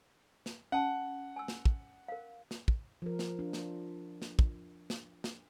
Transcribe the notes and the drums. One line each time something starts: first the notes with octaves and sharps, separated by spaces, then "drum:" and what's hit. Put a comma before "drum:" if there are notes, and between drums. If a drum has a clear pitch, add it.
drum: snare
C#4 F#5 A5
G#5 E6
drum: snare
drum: kick
A#4 F5
drum: snare
drum: kick
F3 A#4
drum: snare
D4 F4
drum: snare
drum: snare
drum: kick
drum: snare
drum: snare